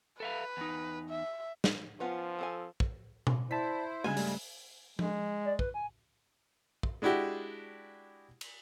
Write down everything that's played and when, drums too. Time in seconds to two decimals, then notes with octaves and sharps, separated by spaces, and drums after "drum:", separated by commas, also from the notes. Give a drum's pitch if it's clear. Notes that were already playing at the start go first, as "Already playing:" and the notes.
0.20 A4 B4 E5 F5
0.57 E2 D#4
1.10 E5
1.64 drum: snare
2.00 F3 B3 C#4 F4
2.39 C4 A4 G#5
2.80 drum: kick
3.27 drum: tom B2
3.51 E4 C5 D5 A5 B6
4.04 G2 C#3 G3 G#3 G#5
4.17 G3 A3, drum: open hi-hat
4.99 G#3, drum: tom F3
5.45 D5
5.59 B4, drum: kick
5.74 G#5
6.83 drum: kick
7.02 G#3 D4 E4 F#4 G4
8.41 drum: cymbal